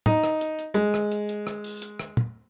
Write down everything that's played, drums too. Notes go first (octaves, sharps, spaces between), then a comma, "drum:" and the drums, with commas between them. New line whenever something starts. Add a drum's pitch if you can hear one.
D#4, drum: tom
drum: rim click
drum: hi-hat
drum: hi-hat
G#3, drum: hi-hat
drum: rim click
drum: hi-hat
drum: hi-hat
drum: rim click
drum: open hi-hat
drum: hi-hat
drum: rim click
drum: tom